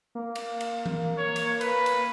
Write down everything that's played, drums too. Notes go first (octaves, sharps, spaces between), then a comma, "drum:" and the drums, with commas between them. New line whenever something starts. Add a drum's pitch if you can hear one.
A#3
drum: cymbal
drum: cymbal
drum: tom E3
C#5
drum: cymbal
B4, drum: cymbal
drum: cymbal